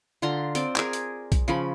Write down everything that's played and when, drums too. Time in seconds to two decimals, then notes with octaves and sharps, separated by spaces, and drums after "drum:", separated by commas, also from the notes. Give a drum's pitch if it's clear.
0.22 D3 F4 A#5 C6
0.55 C4 D5, drum: hi-hat
0.76 G#4 A#4 G#5, drum: clap
0.93 drum: hi-hat
1.32 drum: kick B1, hi-hat
1.48 C#3 F3 B5